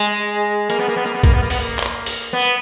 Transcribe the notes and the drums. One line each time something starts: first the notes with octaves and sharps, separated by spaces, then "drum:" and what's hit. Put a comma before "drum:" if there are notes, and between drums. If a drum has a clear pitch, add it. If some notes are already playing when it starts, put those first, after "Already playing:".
Already playing: G#3
A#3, drum: hi-hat
B3
A#3
B3
A#3
B3
A#3, drum: kick, hi-hat
B3
A#3
B3, drum: open hi-hat
A#3
drum: clap
drum: open hi-hat
B3